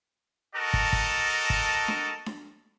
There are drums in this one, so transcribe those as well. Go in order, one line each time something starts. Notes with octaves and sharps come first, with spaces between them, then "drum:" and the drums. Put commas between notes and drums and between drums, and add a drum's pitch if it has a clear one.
F#4 A4 A#4 D#5 A5
drum: kick
drum: kick
drum: kick
drum: snare D4
drum: snare D4